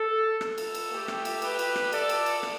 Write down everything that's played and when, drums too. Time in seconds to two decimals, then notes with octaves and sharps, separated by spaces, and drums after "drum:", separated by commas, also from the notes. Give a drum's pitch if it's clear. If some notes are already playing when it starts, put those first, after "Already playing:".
Already playing: A4
0.41 A4, drum: rim click
0.58 drum: cymbal
0.74 drum: cymbal
0.91 A3 G4
1.08 drum: rim click
1.25 drum: cymbal
1.42 G4 B4, drum: cymbal
1.59 drum: cymbal
1.76 drum: rim click
1.92 A4 D5, drum: cymbal
2.09 drum: cymbal
2.26 drum: cymbal
2.43 drum: rim click